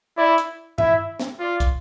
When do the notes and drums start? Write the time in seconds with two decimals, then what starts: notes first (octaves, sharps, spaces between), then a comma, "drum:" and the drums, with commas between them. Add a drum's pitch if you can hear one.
0.18 E4 D5
0.38 drum: hi-hat
0.78 E4 E5, drum: tom G2
1.20 drum: snare
1.39 F4 D5
1.60 drum: kick, hi-hat